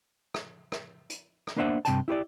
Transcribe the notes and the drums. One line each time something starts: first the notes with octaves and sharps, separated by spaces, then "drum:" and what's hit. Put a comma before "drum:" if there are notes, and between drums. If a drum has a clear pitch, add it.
drum: rim click
drum: rim click
drum: hi-hat
drum: rim click
A#3 B3 D4 C5 E5 F#5
G2 C3 G5 A5, drum: hi-hat
E4 G4 C5 D5